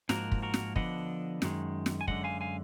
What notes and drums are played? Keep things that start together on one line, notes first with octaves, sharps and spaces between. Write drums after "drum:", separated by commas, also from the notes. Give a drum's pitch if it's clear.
G#2 F3 A#3 F#4 A#4, drum: snare
drum: kick
F#4 A#4
drum: snare
D3 F3 B3 D4 D#5 F#5, drum: kick
F#2 D#3 G#3, drum: snare
drum: snare
G#5
F#2 D3 F3 G#3 D#5 F#5, drum: kick
F5 G#5
F5 G#5